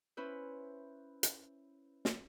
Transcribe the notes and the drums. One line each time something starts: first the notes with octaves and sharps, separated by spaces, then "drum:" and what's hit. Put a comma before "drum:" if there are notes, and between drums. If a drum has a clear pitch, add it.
C#4 E4 B4 C5
drum: hi-hat
drum: snare